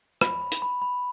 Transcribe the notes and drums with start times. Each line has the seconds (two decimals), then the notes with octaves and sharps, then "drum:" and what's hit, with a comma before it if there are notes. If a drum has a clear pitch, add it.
0.21 B5, drum: rim click
0.42 B5
0.52 drum: hi-hat
0.62 B5
0.82 B5